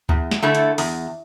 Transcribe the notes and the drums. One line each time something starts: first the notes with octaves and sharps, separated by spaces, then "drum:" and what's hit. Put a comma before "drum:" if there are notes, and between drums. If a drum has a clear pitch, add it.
E2, drum: kick D2
drum: snare
D3 A3 E4 A4
drum: hi-hat
E2, drum: open hi-hat